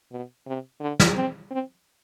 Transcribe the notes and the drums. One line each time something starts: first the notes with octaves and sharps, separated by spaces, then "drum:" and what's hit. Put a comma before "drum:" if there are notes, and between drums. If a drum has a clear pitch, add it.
B2
C3
D3
drum: snare
C4
C4